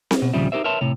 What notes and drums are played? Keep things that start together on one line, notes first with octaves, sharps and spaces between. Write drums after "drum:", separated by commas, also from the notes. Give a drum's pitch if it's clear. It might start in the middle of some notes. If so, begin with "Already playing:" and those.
drum: snare C4
B2
D#2 A#2 C#3 F3 G3 E5
D#4 G4 A#4 C5 E5
A#4 B4 C#5 E5 A5 C6
A2 C3 C#5